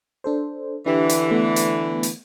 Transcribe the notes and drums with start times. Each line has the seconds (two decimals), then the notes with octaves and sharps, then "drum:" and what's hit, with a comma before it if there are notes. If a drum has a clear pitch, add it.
0.24 D4 A4 C5
0.86 D3 E3 D4 G4
1.09 drum: hi-hat
1.31 A3 B3
1.56 drum: hi-hat
2.03 drum: hi-hat